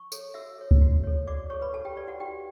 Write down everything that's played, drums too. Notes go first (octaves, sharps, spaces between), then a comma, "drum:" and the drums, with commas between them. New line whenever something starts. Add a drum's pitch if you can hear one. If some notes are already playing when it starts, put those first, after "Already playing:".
Already playing: C#6
A4 C#5, drum: tambourine
F#4 E5 E6
A4 C#5
drum: kick C#2
F#4
A4 C#5
F#4 D5 D6
A4 C#5 C#6
B4 B5
F#4 A4 A5
G4 G5
B4 D5
F#4 F#5
F#4 G4 G5